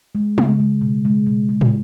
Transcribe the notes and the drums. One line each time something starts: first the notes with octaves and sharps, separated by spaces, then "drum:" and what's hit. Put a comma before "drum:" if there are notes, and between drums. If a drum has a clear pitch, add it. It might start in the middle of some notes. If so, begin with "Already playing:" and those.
G#3
C#3, drum: tom G#3
G#3
B2
G#3
B2
G#3
drum: tom